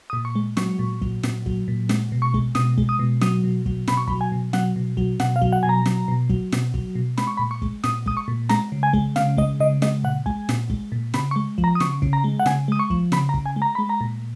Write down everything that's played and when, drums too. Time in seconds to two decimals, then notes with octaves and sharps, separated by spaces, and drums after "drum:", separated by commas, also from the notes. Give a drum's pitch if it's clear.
0.10 D#6
0.13 A#2
0.25 C#6
0.35 G#3
0.57 F#3 C#6, drum: snare
0.79 A#2
1.02 F#3, drum: kick
1.23 A#2, drum: snare
1.46 F#3, drum: kick
1.68 A#2
1.89 G#3, drum: snare
2.12 B2
2.22 C#6
2.34 G#3, drum: kick
2.55 B2 D#6, drum: snare
2.78 G#3, drum: kick
2.89 D#6
2.99 B2
3.21 F#3 D#6, drum: snare
3.44 B2
3.66 F#3, drum: kick
3.88 B2 B5, drum: snare
3.97 C#6
4.08 F#3 B5, drum: kick
4.21 G#5
4.32 B2
4.53 F#3 F#5, drum: snare
4.76 B2
4.97 F#3, drum: kick
5.20 B2 F#5, drum: snare
5.36 F5
5.42 F#3, drum: kick
5.53 F#5
5.63 B2 G#5
5.69 A#5
5.86 F#3, drum: snare
6.08 B2
6.30 F#3, drum: kick
6.52 B2, drum: snare
6.74 F#3, drum: kick
6.95 B2
7.18 G#3 B5, drum: snare
7.27 C#6
7.37 A#2 B5
7.51 C#6
7.62 G#3, drum: kick
7.84 A#2 D#6, drum: snare
8.06 G#3 D#6, drum: kick
8.17 C#6
8.28 A#2
8.49 G#3 A#5, drum: snare
8.72 C#3
8.83 G#5
8.93 G#3, drum: kick
9.16 C#3 F5, drum: snare
9.38 G#3 D#5, drum: kick
9.60 C#3 D#5
9.82 G#3 D#5, drum: snare
10.03 A#2 F#5
10.26 G#3 G#5, drum: kick
10.49 A#2, drum: snare
10.70 G#3, drum: kick
10.92 A#2
11.14 C#3 B5, drum: snare
11.31 C#6
11.36 G#3
11.58 F3, drum: kick
11.64 A#5
11.75 D#6
11.80 C#3 C#6, drum: snare
12.02 C#3, drum: kick
12.13 A#5
12.24 G#3
12.40 F#5
12.46 C#3 G#5, drum: snare
12.68 G#3 D#6
12.79 C#6
12.90 F3, drum: kick
13.12 C#3 B5, drum: snare
13.29 A#5
13.34 C#3, drum: kick
13.46 G#5
13.56 G#3
13.62 A#5
13.75 G#3 B5
13.89 A#5
14.01 A#2